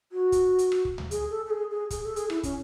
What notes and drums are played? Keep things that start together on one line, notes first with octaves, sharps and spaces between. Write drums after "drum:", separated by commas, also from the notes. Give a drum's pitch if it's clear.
F#4
drum: kick, hi-hat
drum: hi-hat
drum: rim click
drum: kick
drum: tom C#2
G#4, drum: hi-hat
A4
A4
G#4
G#4
G#4, drum: kick, hi-hat
A4
G#4, drum: hi-hat
E4, drum: rim click
C#4, drum: kick, hi-hat